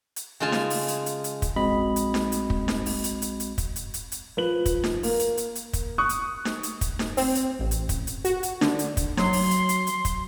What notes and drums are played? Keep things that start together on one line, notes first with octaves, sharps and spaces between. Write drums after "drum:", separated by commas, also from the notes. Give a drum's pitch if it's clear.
drum: hi-hat
C#3 G#3 F4 G#5 A5
drum: snare D#4
drum: open hi-hat
drum: hi-hat
drum: hi-hat
drum: hi-hat
drum: kick, hi-hat
A#1 G#3 C4 F#4 D#5 B5
drum: hi-hat
drum: snare D#4
drum: hi-hat
drum: kick
drum: snare D#4
drum: open hi-hat
drum: hi-hat
drum: hi-hat
drum: hi-hat
drum: kick, hi-hat
drum: hi-hat
drum: hi-hat
drum: hi-hat
F3 B4 F#7
drum: kick, hi-hat
drum: snare D#4
A#3, drum: open hi-hat
drum: hi-hat
drum: hi-hat
drum: hi-hat
drum: kick, hi-hat
C#6 D#6 F#6
drum: hi-hat
drum: snare D#4
drum: hi-hat
drum: kick, hi-hat
drum: snare D#4
C4, drum: open hi-hat
drum: hi-hat
A1
drum: hi-hat
drum: kick, hi-hat
drum: hi-hat
F#4, drum: hi-hat
drum: hi-hat
D3, drum: snare D#4
drum: hi-hat
drum: kick, hi-hat
F#3 C6, drum: snare D#4
drum: open hi-hat
drum: hi-hat
drum: hi-hat
drum: hi-hat
drum: kick, hi-hat